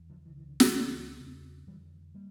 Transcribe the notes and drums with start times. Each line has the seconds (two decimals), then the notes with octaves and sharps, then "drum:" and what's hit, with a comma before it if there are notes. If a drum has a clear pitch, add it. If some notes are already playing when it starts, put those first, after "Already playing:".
Already playing: E2
0.10 D3 F3
0.25 C#2 C#3 E3
0.37 E3
0.49 D3
0.60 drum: snare
0.73 C#2 C#3 E3
1.20 E2 C#3
1.67 F2 D3 E3 G3
2.15 G3 A#3